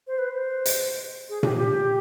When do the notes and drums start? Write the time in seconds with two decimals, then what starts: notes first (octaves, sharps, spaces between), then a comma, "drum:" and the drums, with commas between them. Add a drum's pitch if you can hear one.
0.07 C5
0.19 B4
0.31 C5
0.66 drum: hi-hat
1.29 G#4
1.43 G4, drum: tom A#2
1.56 G4